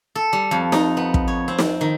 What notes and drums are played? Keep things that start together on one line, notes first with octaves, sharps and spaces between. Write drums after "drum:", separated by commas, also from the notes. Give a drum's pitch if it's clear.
A4
G3
F2
D#4, drum: snare
B3
drum: kick
C#5
C4
drum: snare
D#3